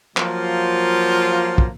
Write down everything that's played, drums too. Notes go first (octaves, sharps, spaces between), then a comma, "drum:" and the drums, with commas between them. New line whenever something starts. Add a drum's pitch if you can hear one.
F3 F#3 A#3 F4 C5, drum: clap
drum: kick